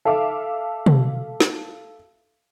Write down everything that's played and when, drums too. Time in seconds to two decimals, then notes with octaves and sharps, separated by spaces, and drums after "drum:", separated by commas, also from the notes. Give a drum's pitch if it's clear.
0.05 A4 E5 F5 D6
0.86 drum: tom
1.40 drum: snare